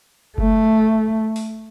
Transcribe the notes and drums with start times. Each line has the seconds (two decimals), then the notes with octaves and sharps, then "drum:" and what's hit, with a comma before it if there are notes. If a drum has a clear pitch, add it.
0.38 A3, drum: kick F#1
1.36 drum: open hi-hat